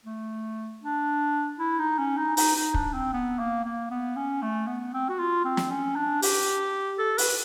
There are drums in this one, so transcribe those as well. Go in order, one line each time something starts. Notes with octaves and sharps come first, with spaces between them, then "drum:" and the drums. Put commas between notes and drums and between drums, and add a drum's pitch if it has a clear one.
A3
D4
E4
D#4
C#4
D#4
D#4, drum: open hi-hat
D#4
D4, drum: kick
C4
B3
A#3
A#3
B3
C#4
A3
B3
C4
F#4
F4
C4
drum: snare
C#4
D4
G4, drum: open hi-hat
A4
B4, drum: open hi-hat